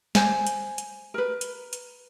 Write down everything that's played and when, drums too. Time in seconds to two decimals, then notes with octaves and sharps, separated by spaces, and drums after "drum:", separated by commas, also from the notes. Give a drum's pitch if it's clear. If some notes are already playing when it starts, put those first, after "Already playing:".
0.15 C5 G#5, drum: snare
0.47 drum: hi-hat
0.78 drum: hi-hat
1.14 A#4 B4
1.41 drum: hi-hat
1.73 drum: hi-hat